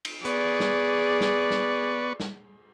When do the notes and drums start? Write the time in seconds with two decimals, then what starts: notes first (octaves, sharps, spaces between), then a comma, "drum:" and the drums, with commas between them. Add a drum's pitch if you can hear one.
0.05 drum: cymbal
0.25 B3 G#4 B4 D5 C#6, drum: hi-hat
0.60 drum: snare
1.21 drum: snare
1.51 drum: snare
2.20 drum: snare